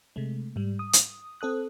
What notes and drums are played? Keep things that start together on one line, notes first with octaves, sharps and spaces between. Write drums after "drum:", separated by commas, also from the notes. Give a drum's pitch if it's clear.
C3 G#3 A3
G#2 G3
D#6
drum: hi-hat
C4 A4 D#6 F#6